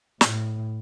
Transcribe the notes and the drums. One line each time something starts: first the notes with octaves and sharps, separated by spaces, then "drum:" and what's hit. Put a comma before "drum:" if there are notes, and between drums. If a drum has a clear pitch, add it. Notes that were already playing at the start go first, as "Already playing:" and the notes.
A2, drum: snare